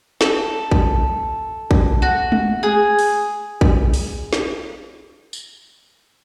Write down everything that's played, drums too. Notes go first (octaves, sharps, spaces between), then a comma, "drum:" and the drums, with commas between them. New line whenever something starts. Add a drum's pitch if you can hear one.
A4, drum: snare
drum: kick
drum: kick
F#4
drum: tom
G#4
drum: open hi-hat
drum: kick
drum: open hi-hat
drum: snare
drum: tambourine